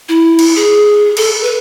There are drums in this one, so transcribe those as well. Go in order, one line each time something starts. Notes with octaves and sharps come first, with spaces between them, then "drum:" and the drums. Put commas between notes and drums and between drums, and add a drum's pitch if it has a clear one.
E4
drum: cymbal
G#4
A4, drum: cymbal
B4